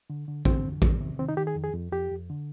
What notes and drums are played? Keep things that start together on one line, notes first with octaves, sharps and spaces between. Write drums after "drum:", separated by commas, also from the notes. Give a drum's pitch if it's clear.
D3
D3
D3 C4, drum: kick A1
F2
D#3, drum: kick A1
C3
D#3 C4
D#4
D#3 G4
G#4
F2
G#4
F2
F2 G4
F2
D3